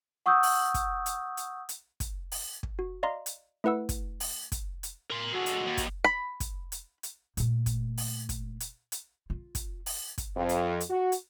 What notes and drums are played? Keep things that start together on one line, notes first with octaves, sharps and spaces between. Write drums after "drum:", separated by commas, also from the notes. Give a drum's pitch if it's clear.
F#5 C#6 D#6 E6 G6
drum: open hi-hat
drum: kick, hi-hat
drum: hi-hat
drum: hi-hat
drum: hi-hat
drum: kick, hi-hat
drum: open hi-hat
drum: kick
F#4
D5 D#5 F5 A#5 C6
drum: hi-hat
A3 E4 B4 F#5 E6
drum: kick, hi-hat
drum: open hi-hat
drum: kick, hi-hat
drum: hi-hat
A#4 C6
D3 G#3 F#4
drum: hi-hat
D#2
drum: kick, hi-hat
B5
drum: kick, hi-hat
drum: hi-hat
drum: hi-hat
A#2 A3, drum: hi-hat
drum: kick, hi-hat
drum: open hi-hat
drum: kick, hi-hat
drum: hi-hat
drum: hi-hat
F4
drum: kick, hi-hat
drum: open hi-hat
drum: kick, hi-hat
F2
drum: hi-hat
drum: hi-hat
F#4
drum: hi-hat